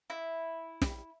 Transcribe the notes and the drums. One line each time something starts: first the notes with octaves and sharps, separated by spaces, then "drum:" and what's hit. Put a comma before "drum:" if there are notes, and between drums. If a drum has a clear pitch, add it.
E4
drum: snare